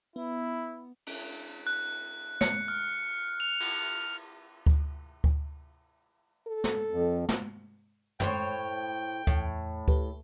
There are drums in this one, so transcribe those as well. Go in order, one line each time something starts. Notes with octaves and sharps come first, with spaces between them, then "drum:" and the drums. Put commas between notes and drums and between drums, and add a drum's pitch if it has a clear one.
B3 E4
drum: cymbal
F#6
C#7, drum: snare
F6
F7
drum: cymbal
drum: kick D2
drum: kick D2
A4
drum: snare
F2
drum: snare
A2 C5 C#5 G5, drum: tom
E2 A2, drum: kick D2
G4 A4 B4, drum: kick D2